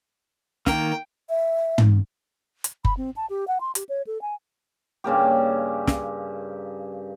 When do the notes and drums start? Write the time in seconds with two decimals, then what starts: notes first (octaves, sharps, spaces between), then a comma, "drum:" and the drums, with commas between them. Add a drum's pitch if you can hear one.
0.66 D#3 A#3 G5, drum: snare
1.29 E5
1.78 drum: tom
2.64 drum: hi-hat
2.85 B5, drum: kick F#1
2.97 C4
3.16 A5
3.30 G4
3.48 F#5
3.61 C6
3.75 G4, drum: hi-hat
3.89 C#5
4.07 A4
4.22 G#5
5.04 G2 C#3 A#3 G4
5.87 drum: snare